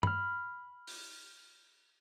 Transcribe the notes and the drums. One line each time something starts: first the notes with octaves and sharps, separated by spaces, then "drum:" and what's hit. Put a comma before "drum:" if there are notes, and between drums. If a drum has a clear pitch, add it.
B5 F6, drum: tom
drum: open hi-hat